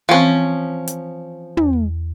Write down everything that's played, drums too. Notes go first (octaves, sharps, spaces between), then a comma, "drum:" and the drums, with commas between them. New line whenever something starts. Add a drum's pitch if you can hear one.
E3 F3 C4 C#4
drum: hi-hat
E2, drum: tom